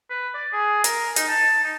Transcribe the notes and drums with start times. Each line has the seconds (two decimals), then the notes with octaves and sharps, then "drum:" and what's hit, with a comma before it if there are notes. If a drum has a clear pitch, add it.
0.10 B4
0.35 D5
0.53 G#4
0.84 A#4, drum: hi-hat
1.16 D#4, drum: hi-hat
1.28 A5
1.64 D#4